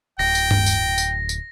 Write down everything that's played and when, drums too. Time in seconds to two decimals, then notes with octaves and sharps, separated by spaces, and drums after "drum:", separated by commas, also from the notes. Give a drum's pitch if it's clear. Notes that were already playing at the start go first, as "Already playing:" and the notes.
0.19 D1 G5 A#6
0.35 drum: tambourine
0.51 drum: tom G2
0.66 drum: tambourine
0.98 drum: tambourine
1.29 drum: tambourine